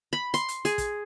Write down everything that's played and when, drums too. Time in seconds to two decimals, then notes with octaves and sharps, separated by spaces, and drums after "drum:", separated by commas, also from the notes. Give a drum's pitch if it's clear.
0.13 B5
0.34 C6, drum: hi-hat
0.48 drum: hi-hat
0.65 G#4, drum: hi-hat
0.78 drum: kick, hi-hat